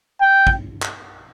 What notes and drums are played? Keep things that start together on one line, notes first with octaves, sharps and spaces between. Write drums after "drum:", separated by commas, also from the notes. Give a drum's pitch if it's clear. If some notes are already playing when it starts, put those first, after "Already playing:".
G5
drum: kick
drum: clap